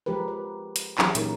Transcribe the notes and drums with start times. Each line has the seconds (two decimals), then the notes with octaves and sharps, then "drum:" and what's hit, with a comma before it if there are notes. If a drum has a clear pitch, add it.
0.06 F3 G#3 G4 A#4 B4
0.28 B4
0.76 drum: hi-hat
0.98 E3 F#3 C#4 E4 G4 G#4, drum: clap
1.15 A#2 D#4 A#4, drum: hi-hat